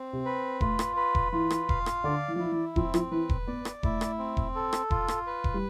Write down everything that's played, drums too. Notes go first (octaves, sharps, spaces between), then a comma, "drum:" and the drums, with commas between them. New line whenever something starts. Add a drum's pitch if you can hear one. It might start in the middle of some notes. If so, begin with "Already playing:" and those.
Already playing: C4
C3
B4
A3 F4, drum: kick E1
drum: rim click
B4
drum: kick E1
E3 F4
drum: rim click
F5, drum: kick E1
drum: rim click
D3 D5
E3
F3
E3 E4
E3
F3 C4, drum: kick E1
F3, drum: rim click
E3 B4
drum: kick E1
B3 D5
drum: rim click
A3 E4, drum: kick E1
drum: rim click
C4
drum: kick E1
A4
drum: rim click
F4, drum: kick E1
drum: rim click
B4
drum: kick E1
G3